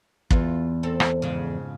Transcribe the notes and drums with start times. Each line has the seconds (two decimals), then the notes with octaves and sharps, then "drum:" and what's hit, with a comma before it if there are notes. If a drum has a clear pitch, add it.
0.31 E2 F4, drum: kick
0.83 C4 A4
1.00 drum: rim click
1.22 F2 G#2 C#3